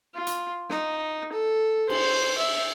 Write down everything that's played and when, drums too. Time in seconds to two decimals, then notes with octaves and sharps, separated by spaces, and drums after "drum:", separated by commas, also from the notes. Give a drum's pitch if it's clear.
0.14 F4
0.27 drum: hi-hat
0.69 D#4, drum: snare
1.32 A4
1.89 C5, drum: cymbal
2.38 E5